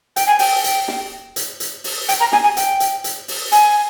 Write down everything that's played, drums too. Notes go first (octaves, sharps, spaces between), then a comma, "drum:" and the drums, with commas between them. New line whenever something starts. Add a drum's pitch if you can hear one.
G5, drum: hi-hat
G#5
G5, drum: open hi-hat
drum: hi-hat
drum: snare
drum: hi-hat
drum: hi-hat
drum: open hi-hat
G5, drum: hi-hat
A#5
G#5, drum: snare
G#5
G5, drum: hi-hat
drum: hi-hat
drum: hi-hat
drum: open hi-hat
G#5, drum: hi-hat